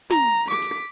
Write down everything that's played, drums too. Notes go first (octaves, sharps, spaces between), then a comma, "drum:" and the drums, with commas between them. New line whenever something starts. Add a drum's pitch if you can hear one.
A#5, drum: snare
D6 B6
drum: hi-hat